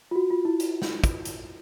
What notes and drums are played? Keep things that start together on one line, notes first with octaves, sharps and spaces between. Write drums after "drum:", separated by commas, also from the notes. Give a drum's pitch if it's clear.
F4
F#4
F4
E4
drum: hi-hat
drum: snare
drum: kick, hi-hat
drum: hi-hat